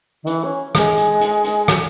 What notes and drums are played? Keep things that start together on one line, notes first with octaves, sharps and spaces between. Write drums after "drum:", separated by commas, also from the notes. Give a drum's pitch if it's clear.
D#3
E3, drum: hi-hat
C#4
G#3, drum: rim click
drum: hi-hat
drum: hi-hat
drum: hi-hat
F#3, drum: rim click